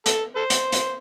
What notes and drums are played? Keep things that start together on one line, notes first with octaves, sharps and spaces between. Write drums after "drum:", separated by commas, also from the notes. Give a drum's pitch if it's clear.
A4, drum: hi-hat
A4 C5
drum: hi-hat
drum: hi-hat